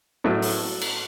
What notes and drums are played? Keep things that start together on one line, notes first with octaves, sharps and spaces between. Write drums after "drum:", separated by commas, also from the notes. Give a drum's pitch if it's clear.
A2 F#3 A3
drum: open hi-hat
drum: cymbal